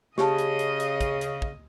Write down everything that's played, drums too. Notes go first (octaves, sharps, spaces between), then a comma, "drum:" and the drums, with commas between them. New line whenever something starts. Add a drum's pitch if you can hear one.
C#3 G4 D#5 A5, drum: snare
drum: hi-hat
drum: hi-hat
drum: hi-hat
drum: kick, hi-hat
drum: hi-hat
drum: kick